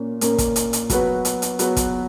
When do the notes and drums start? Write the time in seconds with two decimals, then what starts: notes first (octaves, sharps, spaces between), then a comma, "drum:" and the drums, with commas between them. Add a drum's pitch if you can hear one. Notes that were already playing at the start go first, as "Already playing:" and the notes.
Already playing: A#2 A#3 C#4
0.21 A#2 A#3 C#4, drum: hi-hat
0.38 drum: kick, hi-hat
0.56 drum: hi-hat
0.73 drum: hi-hat
0.90 F#3 B3 F#4 B4, drum: kick, hi-hat
1.25 drum: hi-hat
1.42 drum: hi-hat
1.59 F#3 B3 F#4 B4, drum: hi-hat
1.77 drum: kick, hi-hat